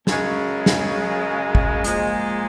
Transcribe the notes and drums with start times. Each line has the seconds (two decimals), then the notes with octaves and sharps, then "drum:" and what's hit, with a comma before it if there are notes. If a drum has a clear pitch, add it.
0.07 F#2 C#3 G#3, drum: snare
0.66 drum: snare
1.55 drum: kick
1.84 A#2 F3 G#3, drum: hi-hat